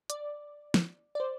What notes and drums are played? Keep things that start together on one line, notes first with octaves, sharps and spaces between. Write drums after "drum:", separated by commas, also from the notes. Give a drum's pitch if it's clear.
D5, drum: hi-hat
drum: snare
D5
C5